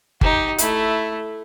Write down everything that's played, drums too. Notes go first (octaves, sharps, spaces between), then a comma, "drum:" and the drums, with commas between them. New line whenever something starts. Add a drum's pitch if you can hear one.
D#4 G4, drum: kick G1
A3 E4, drum: hi-hat